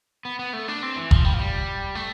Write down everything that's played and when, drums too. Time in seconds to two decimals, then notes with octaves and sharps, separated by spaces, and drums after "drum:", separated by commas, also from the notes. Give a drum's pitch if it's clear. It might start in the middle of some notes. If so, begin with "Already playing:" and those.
0.25 B3
0.39 B3
0.53 A3
0.68 D4
0.83 C4
0.96 E3
1.11 F3, drum: kick F1
1.25 G3
1.34 F3
1.39 G3
1.95 A3